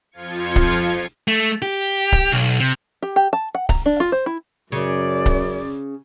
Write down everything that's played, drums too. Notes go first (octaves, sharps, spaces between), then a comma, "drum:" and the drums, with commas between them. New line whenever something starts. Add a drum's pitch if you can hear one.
F2 F3 F4 G#6 C#7
drum: kick C#1
A3
G4
drum: kick C#1
B1
C3
G4
G4
A5
F#5
A#5, drum: kick C#1
D4
F4
C5
E4
F#2 C#3 C#4 D5
drum: kick C#1